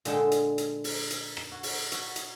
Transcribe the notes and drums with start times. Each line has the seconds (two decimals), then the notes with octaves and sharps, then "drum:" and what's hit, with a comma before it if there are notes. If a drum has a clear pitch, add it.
0.05 A#2 D3 G#3 A4 G5 A5, drum: hi-hat
0.31 drum: hi-hat
0.58 drum: hi-hat
0.84 drum: open hi-hat
1.10 drum: hi-hat
1.37 drum: rim click
1.52 F#4 F#5
1.63 drum: open hi-hat
1.92 F#4, drum: hi-hat
2.16 drum: hi-hat